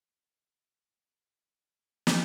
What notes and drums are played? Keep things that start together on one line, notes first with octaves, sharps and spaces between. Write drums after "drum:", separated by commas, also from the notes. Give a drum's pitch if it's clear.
D#3 G3 B5
drum: snare